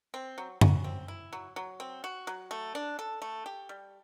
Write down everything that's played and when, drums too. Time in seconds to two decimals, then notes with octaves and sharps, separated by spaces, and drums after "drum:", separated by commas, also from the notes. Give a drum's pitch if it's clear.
0.14 C4
0.38 F#3
0.61 F#3, drum: tom F#2
0.84 C4
1.08 E4
1.33 F#3
1.56 F#3
1.80 C4
2.04 F#4
2.27 F#3
2.51 A3
2.75 D4
2.99 A4
3.22 A3
3.46 G4
3.69 G3